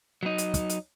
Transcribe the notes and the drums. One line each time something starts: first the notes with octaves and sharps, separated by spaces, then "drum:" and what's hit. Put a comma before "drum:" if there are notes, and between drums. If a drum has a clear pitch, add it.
F#3 D#4
drum: hi-hat
drum: kick, hi-hat
drum: hi-hat